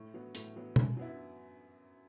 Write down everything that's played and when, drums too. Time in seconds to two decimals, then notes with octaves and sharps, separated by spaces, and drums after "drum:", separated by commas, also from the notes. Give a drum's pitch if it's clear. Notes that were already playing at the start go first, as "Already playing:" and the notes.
Already playing: A2
0.14 F#3 B3
0.35 A2, drum: hi-hat
0.56 F#3 B3
0.76 F#2, drum: tom B2
0.97 F#3 B3 E4